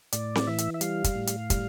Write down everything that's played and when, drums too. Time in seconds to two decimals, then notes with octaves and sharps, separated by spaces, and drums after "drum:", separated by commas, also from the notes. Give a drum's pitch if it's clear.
0.12 A2 D5, drum: hi-hat
0.35 drum: snare C4
0.47 E3 E5
0.58 drum: hi-hat
0.74 E5
0.81 G3 F5, drum: hi-hat
1.04 drum: kick, hi-hat
1.15 A2
1.27 drum: hi-hat
1.50 G3, drum: kick, hi-hat